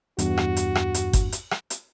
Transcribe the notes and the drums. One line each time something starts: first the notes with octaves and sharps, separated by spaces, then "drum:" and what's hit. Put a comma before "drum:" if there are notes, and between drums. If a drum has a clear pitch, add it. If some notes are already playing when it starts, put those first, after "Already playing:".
E2 G2 F#4, drum: hi-hat
drum: rim click
drum: hi-hat
drum: rim click
drum: hi-hat
drum: kick G1, hi-hat
drum: hi-hat
drum: rim click
drum: hi-hat